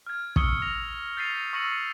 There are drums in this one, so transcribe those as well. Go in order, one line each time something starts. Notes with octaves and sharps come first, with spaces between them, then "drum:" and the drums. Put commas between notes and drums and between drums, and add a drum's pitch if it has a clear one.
F6 G#6
C#6 D#6 E6 C#7 G7, drum: kick
A#6 F7
G6 A6 B6 C7 D#7 F7
C#6 E6 A#6 C#7 D#7 F#7